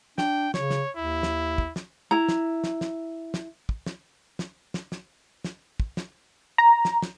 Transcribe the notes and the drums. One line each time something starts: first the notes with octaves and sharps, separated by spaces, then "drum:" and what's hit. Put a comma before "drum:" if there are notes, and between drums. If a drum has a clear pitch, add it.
D4 G5, drum: snare
C#3 C#5, drum: snare
drum: snare
D#2 E4
drum: snare
drum: kick
drum: snare
E4 A#5
drum: snare
drum: snare
drum: snare
drum: snare
drum: kick
drum: snare
drum: snare
drum: snare
drum: snare
drum: snare
drum: kick
drum: snare
A#5
drum: snare
drum: snare